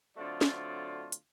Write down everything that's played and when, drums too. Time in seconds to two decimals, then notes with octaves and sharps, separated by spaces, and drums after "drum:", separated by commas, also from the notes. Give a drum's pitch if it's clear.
0.17 D3 F#3 A3 C4 F4 D5
0.41 drum: snare
1.12 drum: hi-hat